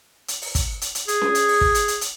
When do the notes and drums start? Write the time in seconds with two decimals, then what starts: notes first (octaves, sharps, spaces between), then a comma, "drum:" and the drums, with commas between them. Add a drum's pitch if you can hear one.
0.28 drum: hi-hat
0.42 drum: open hi-hat
0.55 drum: kick, hi-hat
0.81 drum: hi-hat
0.95 drum: hi-hat
1.08 G#4, drum: hi-hat
1.21 drum: snare C#4
1.35 drum: hi-hat
1.48 drum: open hi-hat
1.61 drum: kick
1.75 drum: hi-hat
1.88 drum: hi-hat
2.01 drum: hi-hat